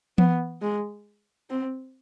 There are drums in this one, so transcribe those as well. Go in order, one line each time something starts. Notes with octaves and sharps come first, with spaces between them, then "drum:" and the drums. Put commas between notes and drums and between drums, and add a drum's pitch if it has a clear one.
B3, drum: tom E3
G#3
C4